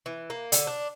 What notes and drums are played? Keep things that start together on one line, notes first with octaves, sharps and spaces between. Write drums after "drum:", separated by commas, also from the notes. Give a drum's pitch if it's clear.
E3
A#3
D3, drum: hi-hat
D4